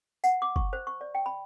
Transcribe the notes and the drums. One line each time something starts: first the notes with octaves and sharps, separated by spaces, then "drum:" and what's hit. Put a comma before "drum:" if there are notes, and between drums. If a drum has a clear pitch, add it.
F#5, drum: tambourine
D6
C#6, drum: kick F#1
C5
C#6
D5
G5
B5